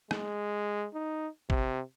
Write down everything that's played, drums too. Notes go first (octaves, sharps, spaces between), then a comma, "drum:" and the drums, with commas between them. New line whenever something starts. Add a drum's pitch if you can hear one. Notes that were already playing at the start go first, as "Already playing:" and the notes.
G#3, drum: rim click
D#4
C3, drum: kick G#1